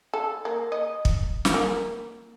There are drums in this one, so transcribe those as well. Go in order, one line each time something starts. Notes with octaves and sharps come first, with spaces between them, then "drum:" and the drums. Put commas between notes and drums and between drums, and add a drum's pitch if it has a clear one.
A4
A#3
D#5
drum: kick
drum: snare
A#3